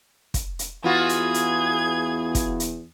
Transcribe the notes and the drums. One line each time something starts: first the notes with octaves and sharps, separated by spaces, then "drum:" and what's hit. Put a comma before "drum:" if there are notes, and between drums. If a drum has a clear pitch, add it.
drum: kick, hi-hat
drum: hi-hat
E2 B3 F4 F#4 G#4 G#6
drum: hi-hat
drum: hi-hat
drum: kick, hi-hat
drum: hi-hat